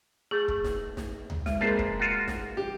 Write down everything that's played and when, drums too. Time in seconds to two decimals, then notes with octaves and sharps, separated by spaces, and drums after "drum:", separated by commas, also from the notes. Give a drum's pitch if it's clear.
0.31 A3 G#4
0.48 drum: kick
0.64 drum: snare
0.97 drum: snare
1.30 drum: tom D2
1.46 G#3, drum: snare
1.61 G#3 A#3 C4 B4 C5 A5
1.79 drum: kick
2.00 F4 F#4
2.28 drum: snare
2.57 G4